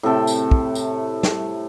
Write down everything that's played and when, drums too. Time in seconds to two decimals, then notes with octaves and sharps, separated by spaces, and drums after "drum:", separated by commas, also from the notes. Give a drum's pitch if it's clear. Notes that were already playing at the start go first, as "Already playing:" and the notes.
0.03 A2 C3 A4 G5
0.27 drum: tambourine
0.51 drum: kick
0.75 drum: tambourine
1.23 drum: snare